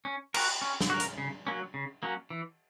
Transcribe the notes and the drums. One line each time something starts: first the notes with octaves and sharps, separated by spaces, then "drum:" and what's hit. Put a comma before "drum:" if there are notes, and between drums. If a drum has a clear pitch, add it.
C#4
F#4 A#4, drum: cymbal
C#4
drum: snare
F#4 A#4
drum: hi-hat
C#3
F#3 A#3 C#4
C#3
F#3 A#3 C#4
E3